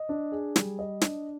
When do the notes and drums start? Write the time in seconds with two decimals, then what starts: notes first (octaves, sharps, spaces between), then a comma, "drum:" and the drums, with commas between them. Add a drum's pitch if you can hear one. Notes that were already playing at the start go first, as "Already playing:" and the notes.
Already playing: D#5
0.09 D4
0.32 G#4
0.56 G3, drum: snare
0.79 D#5
1.01 D4, drum: snare